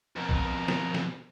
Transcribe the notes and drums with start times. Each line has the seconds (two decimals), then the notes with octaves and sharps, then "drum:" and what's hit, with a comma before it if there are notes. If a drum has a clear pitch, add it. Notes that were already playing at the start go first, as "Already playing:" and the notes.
0.16 F2 B2 A#4 F6
0.29 drum: kick
0.68 drum: snare
0.94 drum: snare